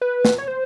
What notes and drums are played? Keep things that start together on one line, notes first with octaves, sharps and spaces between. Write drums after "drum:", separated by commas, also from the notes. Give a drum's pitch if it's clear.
B4
drum: snare
C#5
C5